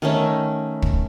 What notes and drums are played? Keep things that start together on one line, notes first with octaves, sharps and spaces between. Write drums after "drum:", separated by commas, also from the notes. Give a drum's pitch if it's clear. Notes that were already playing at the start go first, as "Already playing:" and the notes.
D#3 A3 C#4
drum: kick